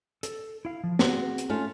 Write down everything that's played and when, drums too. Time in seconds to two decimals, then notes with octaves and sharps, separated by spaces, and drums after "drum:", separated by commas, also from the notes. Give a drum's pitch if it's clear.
0.23 A4, drum: hi-hat
0.65 E4 F5
0.84 F3
0.99 C4 F#4 G#4, drum: snare
1.38 drum: hi-hat
1.49 A3 C#4 F4